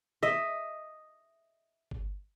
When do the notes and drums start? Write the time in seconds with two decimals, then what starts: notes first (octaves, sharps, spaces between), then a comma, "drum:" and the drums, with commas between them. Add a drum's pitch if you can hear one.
0.23 D#5 E5, drum: snare
1.91 drum: kick